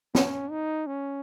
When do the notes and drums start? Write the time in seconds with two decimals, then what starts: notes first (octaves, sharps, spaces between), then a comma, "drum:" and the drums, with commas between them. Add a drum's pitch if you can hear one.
0.15 C#4, drum: snare
0.51 D#4
0.87 C#4